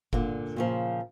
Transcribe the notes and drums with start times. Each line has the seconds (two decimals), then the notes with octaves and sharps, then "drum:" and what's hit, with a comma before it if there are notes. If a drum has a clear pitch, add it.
0.13 A#2 D3, drum: kick F1
0.56 A#2 C#3 F3